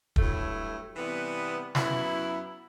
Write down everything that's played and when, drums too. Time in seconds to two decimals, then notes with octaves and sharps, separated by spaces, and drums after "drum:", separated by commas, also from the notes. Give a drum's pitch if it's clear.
0.16 G2 F#3 A3 E4, drum: kick
0.96 C3 E3 G3 B3
1.75 F#2 F#3 B3 E4, drum: snare